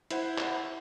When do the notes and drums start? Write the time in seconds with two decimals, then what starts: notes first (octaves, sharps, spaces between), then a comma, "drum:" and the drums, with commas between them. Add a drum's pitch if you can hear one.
0.10 E4 C5 F#5, drum: hi-hat
0.38 drum: clap